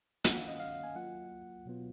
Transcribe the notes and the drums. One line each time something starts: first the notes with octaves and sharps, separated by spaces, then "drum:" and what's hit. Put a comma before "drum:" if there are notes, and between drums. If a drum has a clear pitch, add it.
D#3 A#3 C#4 F#5, drum: hi-hat
F5
D#5
F5
G#5
F#3 A#3 F4 F#5
B2 F#3 B3 F4